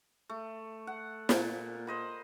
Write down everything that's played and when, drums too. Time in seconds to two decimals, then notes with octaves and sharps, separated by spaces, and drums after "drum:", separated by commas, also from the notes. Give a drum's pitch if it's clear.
0.30 A3
0.87 F#5
1.29 A#2, drum: snare
1.87 C5 D#5 B5